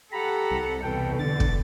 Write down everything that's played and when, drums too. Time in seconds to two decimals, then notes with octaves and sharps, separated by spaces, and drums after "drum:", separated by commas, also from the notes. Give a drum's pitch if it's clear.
0.12 G4 A4 F#5 A#5 B5
0.51 C2
0.83 E2 B2 A4 G5
1.19 D3 A6
1.40 drum: kick